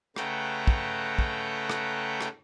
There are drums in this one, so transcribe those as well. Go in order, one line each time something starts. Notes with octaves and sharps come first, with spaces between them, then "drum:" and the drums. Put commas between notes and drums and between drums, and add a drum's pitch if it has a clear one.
C#3 A3 B4 F#5 G5 A#5, drum: rim click
drum: kick
drum: kick
drum: rim click
drum: rim click